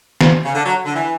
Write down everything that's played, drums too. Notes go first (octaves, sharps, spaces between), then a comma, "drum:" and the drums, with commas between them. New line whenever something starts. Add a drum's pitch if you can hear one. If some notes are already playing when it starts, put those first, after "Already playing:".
drum: snare
C#3
D3
F#3
D3
E3